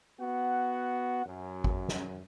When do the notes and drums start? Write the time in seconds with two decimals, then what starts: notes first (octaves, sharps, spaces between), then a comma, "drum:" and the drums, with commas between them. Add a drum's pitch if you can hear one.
0.20 B3 F#4 F#5
1.26 F#2
1.64 drum: kick G#1
1.88 drum: snare